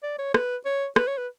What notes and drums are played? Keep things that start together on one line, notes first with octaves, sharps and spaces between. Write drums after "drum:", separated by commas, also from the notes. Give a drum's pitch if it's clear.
D5
C#5
B4, drum: rim click
C#5
B4, drum: rim click
C#5
B4